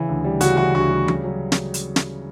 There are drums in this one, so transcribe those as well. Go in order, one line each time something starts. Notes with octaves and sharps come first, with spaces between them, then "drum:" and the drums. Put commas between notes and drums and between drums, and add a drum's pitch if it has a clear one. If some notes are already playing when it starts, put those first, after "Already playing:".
Already playing: C#3 E3
D2
G3
C#3 F#4, drum: hi-hat
E3 F#4
D2 F#4
G3
C#3, drum: tom E3
F#3
drum: snare
drum: hi-hat
drum: snare